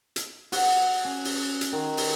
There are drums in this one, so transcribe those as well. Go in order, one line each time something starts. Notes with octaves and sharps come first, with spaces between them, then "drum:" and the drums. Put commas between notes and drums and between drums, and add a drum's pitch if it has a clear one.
drum: hi-hat
F#4, drum: open hi-hat
C#4
drum: open hi-hat
drum: hi-hat
D#3
drum: open hi-hat